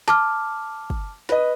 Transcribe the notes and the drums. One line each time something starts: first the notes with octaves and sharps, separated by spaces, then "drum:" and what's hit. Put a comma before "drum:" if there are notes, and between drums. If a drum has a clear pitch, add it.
A5 D6 F6, drum: snare
drum: kick
B4 D#5, drum: snare